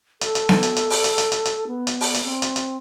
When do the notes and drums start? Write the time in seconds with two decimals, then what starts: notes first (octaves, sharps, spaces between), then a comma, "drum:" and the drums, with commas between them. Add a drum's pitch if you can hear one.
0.21 A4, drum: hi-hat
0.35 drum: hi-hat
0.49 drum: snare B3
0.63 drum: hi-hat
0.76 drum: hi-hat
0.90 drum: open hi-hat
1.04 drum: hi-hat
1.18 drum: hi-hat
1.32 drum: hi-hat
1.45 drum: hi-hat
1.67 B3
1.87 drum: hi-hat
2.01 drum: open hi-hat
2.14 drum: hi-hat
2.24 C4
2.42 drum: hi-hat
2.56 drum: hi-hat